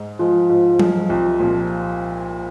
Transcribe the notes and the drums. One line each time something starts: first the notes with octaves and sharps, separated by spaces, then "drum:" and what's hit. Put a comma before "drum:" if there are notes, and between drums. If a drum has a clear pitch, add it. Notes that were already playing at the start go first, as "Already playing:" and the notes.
Already playing: G#2
F3 G#3 F4
G#2 F4
F3 G#3, drum: tom F#3
C2 F4
A#2 F3 C4